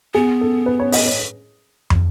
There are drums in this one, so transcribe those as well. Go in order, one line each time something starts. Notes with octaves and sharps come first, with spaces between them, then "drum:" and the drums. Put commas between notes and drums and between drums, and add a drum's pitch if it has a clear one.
B3 G#4
A4
B4
C#5
D#5, drum: open hi-hat
C#5
drum: tom